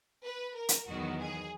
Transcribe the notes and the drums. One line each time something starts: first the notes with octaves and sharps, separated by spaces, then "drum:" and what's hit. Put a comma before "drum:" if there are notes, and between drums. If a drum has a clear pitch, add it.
B4
A#4
drum: hi-hat
E2 D#3 F#3 B3 F#4
G#4